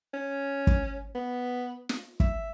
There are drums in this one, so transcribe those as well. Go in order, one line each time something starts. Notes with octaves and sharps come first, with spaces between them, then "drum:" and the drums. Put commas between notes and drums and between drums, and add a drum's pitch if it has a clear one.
C#4
drum: kick
B3
drum: snare
E5, drum: kick